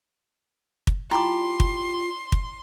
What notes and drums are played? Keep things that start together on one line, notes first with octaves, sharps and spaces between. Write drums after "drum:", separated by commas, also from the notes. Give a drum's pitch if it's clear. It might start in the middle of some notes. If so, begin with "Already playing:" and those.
drum: kick
E4 F4 G4 A5 B5 C6 D6
drum: kick
drum: kick